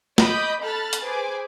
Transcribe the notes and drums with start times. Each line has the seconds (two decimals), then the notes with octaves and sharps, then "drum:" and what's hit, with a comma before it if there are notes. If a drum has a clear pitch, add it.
0.18 D#5 B5 D6 D#6 G6, drum: snare
0.63 A4 A5 B5 F6 F#6 A6
0.93 drum: hi-hat
1.02 G#4 B4 C5 G#5 D6